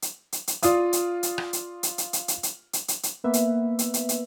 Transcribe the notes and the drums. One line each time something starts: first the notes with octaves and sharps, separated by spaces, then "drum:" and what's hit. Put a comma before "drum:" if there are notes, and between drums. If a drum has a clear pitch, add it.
drum: hi-hat
drum: hi-hat
drum: hi-hat
F4 D5 F5 D#6, drum: hi-hat
drum: hi-hat
drum: hi-hat
drum: rim click
drum: hi-hat
drum: hi-hat
drum: hi-hat
drum: hi-hat
drum: hi-hat
drum: hi-hat
drum: hi-hat
drum: hi-hat
drum: hi-hat
A#3 B3 B4 E5
drum: hi-hat
drum: hi-hat
drum: hi-hat
drum: hi-hat